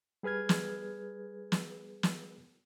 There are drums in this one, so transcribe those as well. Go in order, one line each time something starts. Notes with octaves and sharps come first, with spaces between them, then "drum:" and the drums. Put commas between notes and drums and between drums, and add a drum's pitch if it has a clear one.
G3 G#4 B4 F6 G#6
drum: snare
drum: snare
drum: snare